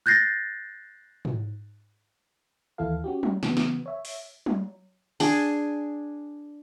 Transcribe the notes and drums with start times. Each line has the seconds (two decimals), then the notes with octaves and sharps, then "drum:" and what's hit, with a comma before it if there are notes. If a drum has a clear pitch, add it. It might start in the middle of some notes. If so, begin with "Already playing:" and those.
0.06 F#6 G6 A6 A#6 C7
1.25 drum: tom G#2
2.78 D#2 E3 E4 A4 F5
3.04 C#4 F#4 G4
3.23 drum: tom F#3
3.43 C#3 E3 F#3 B3, drum: snare
3.57 drum: snare
3.86 C#5 E5
4.05 drum: open hi-hat
4.46 drum: tom F#3
5.20 D4 G#4, drum: open hi-hat